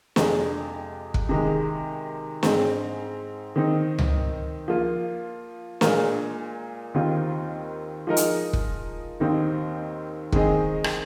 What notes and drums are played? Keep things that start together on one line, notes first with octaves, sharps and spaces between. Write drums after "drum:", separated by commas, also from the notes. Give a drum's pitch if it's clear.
F2 C3 G#3, drum: snare
drum: kick
C3 D#3 G#3
G#2 G#3 C4, drum: snare
D#3 C4 D#4
drum: tom C#2
F3 A#3 F4
A#2 G#3 F4 A#4, drum: snare
D#2 D#3 C4 F4
F3 G#3 D#4 A#4 D#5
drum: hi-hat
drum: kick
D#2 D#3 C4 D#4
D#3 G#3 C4 G#4 D#5, drum: kick
drum: rim click